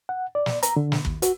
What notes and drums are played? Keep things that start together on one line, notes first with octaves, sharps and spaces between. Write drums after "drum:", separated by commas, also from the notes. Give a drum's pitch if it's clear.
F#5
D5
drum: snare
A#5, drum: hi-hat
D3
drum: snare
D#2, drum: kick
F#4, drum: hi-hat